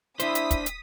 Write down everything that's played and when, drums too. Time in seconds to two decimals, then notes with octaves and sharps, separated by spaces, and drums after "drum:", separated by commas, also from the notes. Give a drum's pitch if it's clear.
0.20 D4 E4 C5 D#6 B6, drum: hi-hat
0.35 drum: hi-hat
0.51 drum: kick, hi-hat
0.66 drum: hi-hat